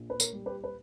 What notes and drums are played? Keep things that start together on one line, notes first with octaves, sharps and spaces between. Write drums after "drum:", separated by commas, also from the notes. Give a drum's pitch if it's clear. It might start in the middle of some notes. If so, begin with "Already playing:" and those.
Already playing: A#1 A#2
B4
A#4 C#5, drum: tambourine
G3
G4 B4
B4